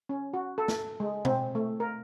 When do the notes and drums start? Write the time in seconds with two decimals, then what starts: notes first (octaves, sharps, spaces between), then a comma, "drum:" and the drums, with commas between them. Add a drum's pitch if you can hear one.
0.09 C#4
0.34 F#4
0.58 A4
0.68 drum: snare
1.00 G#3
1.25 C4, drum: tom B2
1.55 A3
1.80 A#4